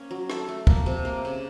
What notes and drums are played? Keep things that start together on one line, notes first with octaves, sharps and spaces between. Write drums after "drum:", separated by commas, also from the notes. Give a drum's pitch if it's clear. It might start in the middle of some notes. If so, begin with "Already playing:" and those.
Already playing: A#3 C#4
F#3
A4, drum: rim click
A3
A#3, drum: kick
C3
A#3
C#3